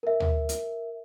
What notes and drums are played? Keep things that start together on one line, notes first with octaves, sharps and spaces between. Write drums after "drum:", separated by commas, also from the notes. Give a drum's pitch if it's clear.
A#4 E5
drum: tom D2
drum: hi-hat